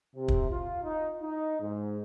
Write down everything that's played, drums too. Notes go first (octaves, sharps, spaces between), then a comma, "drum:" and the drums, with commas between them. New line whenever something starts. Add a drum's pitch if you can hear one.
C3
drum: kick
F4
D#4
D#4
G#2